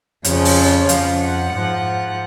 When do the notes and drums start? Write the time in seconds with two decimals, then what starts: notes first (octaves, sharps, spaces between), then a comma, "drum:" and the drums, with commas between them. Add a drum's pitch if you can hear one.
0.24 F2 C#3 F3 C#5, drum: hi-hat
0.45 drum: open hi-hat
0.57 C#5
0.89 F2 F3 F5, drum: hi-hat
1.21 F#5
1.53 G#2 F3 F#5